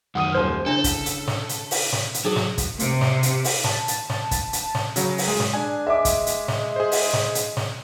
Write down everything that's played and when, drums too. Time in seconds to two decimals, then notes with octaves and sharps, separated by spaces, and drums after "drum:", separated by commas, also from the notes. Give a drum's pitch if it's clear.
0.15 F#2 D#3 F#5 D#6 D#7
0.32 D#1 C5 F6
0.66 C#3 D4 E4 A4 C#5
0.84 drum: kick, hi-hat
1.06 drum: hi-hat
1.27 drum: snare
1.49 drum: hi-hat
1.71 drum: open hi-hat
1.93 drum: snare
2.14 drum: hi-hat
2.25 F#3 D#4 G#4 A4
2.36 drum: snare
2.58 drum: kick, hi-hat
2.79 C3, drum: hi-hat
3.01 drum: snare
3.23 drum: hi-hat
3.44 drum: open hi-hat
3.64 A5, drum: snare
3.88 drum: hi-hat
4.10 drum: snare
4.31 drum: kick, hi-hat
4.53 drum: hi-hat
4.75 drum: snare
4.96 C#3 F#3, drum: hi-hat
5.18 drum: open hi-hat
5.28 G#3 G#4
5.40 drum: snare
5.54 D4 G#5
5.87 G#3 E5 D6
6.05 drum: kick, hi-hat
6.27 drum: hi-hat
6.48 drum: snare
6.76 G#4 C5
6.92 drum: open hi-hat
7.13 drum: snare
7.35 drum: hi-hat
7.57 drum: snare